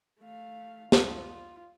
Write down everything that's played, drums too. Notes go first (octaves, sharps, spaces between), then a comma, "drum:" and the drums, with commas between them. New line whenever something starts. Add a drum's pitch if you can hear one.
A3 F5
G3 D4 F4, drum: snare